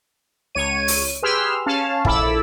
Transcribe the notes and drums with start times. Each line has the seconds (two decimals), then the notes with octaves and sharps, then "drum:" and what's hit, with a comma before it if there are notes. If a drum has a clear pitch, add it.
0.55 C#2 C#5 D#7
0.88 drum: open hi-hat
1.22 G4 G#4 B4 C6 E6 F6
1.66 C#4 F5 A5
2.05 A#1 E4 A4 B5 D6 E6, drum: kick